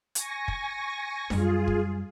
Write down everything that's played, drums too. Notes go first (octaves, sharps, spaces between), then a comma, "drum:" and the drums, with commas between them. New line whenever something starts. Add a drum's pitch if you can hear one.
G#5 C#6 A#6, drum: hi-hat
drum: kick
F#2 G3 F4 G#4, drum: snare D4
drum: kick